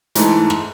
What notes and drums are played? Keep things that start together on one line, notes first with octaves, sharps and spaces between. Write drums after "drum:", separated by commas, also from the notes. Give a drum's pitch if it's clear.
G#2 E3 A3, drum: hi-hat
drum: rim click